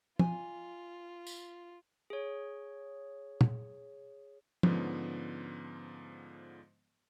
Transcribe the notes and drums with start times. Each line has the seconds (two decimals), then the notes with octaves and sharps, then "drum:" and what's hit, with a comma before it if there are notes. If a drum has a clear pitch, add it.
0.19 F4 D#5 G#5, drum: tom
1.27 drum: tambourine
2.10 G#4 C#5
3.41 drum: tom
4.63 G#2 D3 F3 B3 C#4, drum: tom